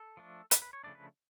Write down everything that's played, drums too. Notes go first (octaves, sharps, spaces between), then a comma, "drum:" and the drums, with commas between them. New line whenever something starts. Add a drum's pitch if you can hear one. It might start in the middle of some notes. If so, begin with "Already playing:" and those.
Already playing: A4
F3 A3 D4
B4, drum: hi-hat
B4
C#5
C#3 F3 A3 D4 D5
B4